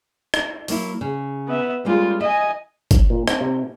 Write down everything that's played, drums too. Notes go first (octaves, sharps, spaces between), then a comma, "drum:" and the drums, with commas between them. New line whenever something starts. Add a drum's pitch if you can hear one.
drum: rim click
F#3 A#3 E4, drum: open hi-hat
C#3
B3 E5
G3 G#3 A#3 C#4 F4
D#5 E5 G#5
drum: kick G1, hi-hat
A#2
C4, drum: rim click
C3